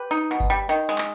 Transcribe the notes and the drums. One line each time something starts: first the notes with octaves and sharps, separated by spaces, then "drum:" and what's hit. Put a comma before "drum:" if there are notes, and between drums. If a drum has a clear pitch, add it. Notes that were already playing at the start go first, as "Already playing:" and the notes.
Already playing: G4 B4
D#4, drum: tambourine
B2
drum: kick G1, tambourine
G3
D#3, drum: tambourine
G#3
drum: clap